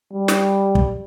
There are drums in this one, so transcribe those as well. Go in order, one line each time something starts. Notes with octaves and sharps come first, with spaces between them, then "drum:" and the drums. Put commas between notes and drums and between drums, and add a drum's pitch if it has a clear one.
G3
drum: snare
drum: kick